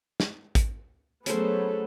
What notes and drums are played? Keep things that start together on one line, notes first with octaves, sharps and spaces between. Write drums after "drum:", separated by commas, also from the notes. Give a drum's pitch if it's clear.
drum: snare
drum: kick, hi-hat
F#3 A3 B3 C#4 G#4 A4 C5, drum: hi-hat